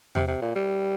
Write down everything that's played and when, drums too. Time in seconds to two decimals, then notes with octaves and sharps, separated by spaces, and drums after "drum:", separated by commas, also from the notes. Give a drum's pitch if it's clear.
0.15 C3, drum: tom E2
0.28 C3
0.41 A#2
0.55 G3